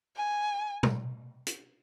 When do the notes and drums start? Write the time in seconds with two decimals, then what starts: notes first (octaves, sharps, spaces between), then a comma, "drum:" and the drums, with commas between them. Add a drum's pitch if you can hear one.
0.17 G#5
0.83 drum: tom B2
1.47 drum: hi-hat